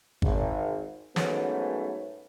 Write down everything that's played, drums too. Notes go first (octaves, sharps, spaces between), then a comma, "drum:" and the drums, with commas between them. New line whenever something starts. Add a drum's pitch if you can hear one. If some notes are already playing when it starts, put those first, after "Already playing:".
G#1, drum: kick
G#2 F#3 A3 B3 C#4, drum: snare